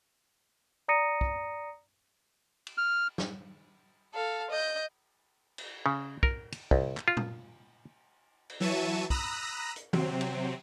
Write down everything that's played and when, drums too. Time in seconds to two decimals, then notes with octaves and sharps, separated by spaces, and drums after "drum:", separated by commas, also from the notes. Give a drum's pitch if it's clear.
0.88 D5 A#5 D#6 A#6 C#7 D#7
1.21 drum: kick
2.67 drum: cymbal
2.78 F6
3.18 drum: snare
4.14 A4 F5
4.51 D#5 G6
5.58 drum: cymbal
5.86 C#3
6.23 A#4, drum: kick
6.52 drum: cymbal
6.71 C2, drum: kick
6.97 drum: clap
7.08 F4
7.17 drum: tom A#2
8.50 drum: cymbal
8.60 E3 F#3 E5 A5 C#6 D#7
9.10 A#5 B5 D#6 E6 F#6 A#6, drum: kick
9.76 drum: hi-hat
9.93 C3 F#3 C4, drum: tom D#3
10.21 drum: cymbal